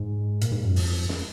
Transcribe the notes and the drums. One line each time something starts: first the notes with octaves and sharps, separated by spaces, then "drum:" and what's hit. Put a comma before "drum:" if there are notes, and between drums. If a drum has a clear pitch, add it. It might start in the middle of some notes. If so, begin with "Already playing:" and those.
Already playing: G#2
A#2, drum: hi-hat
G#2
F#2
F2, drum: open hi-hat
drum: snare